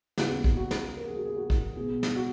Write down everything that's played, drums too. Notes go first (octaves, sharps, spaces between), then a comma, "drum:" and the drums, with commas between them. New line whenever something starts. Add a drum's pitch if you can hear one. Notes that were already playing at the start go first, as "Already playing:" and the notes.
D#2 C#3 G#3 B3 F#4, drum: snare
drum: kick
F#4
drum: snare
A#4
G#4
F#4
G#4
F#4
drum: kick
B2 G#3 B3 G#4
drum: snare
F#4